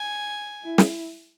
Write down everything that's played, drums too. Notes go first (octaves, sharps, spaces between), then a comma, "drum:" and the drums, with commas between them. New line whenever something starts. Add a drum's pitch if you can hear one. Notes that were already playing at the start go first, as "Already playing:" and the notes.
Already playing: G#5
E4
drum: snare